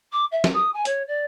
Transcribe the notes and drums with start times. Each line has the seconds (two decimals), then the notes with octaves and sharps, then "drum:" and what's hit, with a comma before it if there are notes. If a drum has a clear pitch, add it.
0.12 D6
0.31 E5
0.44 drum: snare
0.54 D#6
0.73 G#5
0.85 C#5, drum: hi-hat
1.07 D5